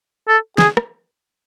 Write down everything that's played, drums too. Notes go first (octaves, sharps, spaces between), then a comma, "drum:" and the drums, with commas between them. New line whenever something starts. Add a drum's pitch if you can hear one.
A4
G#4, drum: snare
drum: rim click